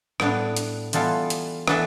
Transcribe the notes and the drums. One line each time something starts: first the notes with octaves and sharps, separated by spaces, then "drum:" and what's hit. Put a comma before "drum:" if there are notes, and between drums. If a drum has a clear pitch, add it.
A2 G3 B3 D4, drum: rim click
drum: hi-hat
E3 G3 B3 F4 A4, drum: hi-hat
drum: hi-hat
E3 B3 D4 A4 E5, drum: rim click